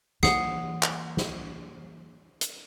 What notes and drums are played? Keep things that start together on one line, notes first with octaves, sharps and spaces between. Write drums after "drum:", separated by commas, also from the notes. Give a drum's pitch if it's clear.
E3 A#3 F#5 D#6 C7, drum: snare
drum: clap
drum: snare
drum: hi-hat